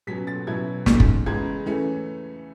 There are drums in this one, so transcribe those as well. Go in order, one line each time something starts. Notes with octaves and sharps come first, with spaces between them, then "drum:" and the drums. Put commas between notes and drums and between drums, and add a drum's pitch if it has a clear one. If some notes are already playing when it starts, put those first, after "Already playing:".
B2 F#3 C#4 B6
A6
B2 F#3 C#4 E4 G#6
G#2 F#3 A3 C#4, drum: snare
drum: kick
E2 C#3 G#3 G#6
E3 A3 C#4